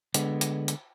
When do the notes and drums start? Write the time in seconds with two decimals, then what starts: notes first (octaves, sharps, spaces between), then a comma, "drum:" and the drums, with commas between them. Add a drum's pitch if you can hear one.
0.14 D3 G#3 B3, drum: hi-hat
0.41 drum: hi-hat
0.68 drum: hi-hat